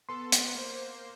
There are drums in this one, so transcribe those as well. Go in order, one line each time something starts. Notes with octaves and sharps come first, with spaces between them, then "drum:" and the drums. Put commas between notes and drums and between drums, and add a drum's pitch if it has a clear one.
B3 A4 C6
B3 F#5 A#5, drum: hi-hat
A#3 C5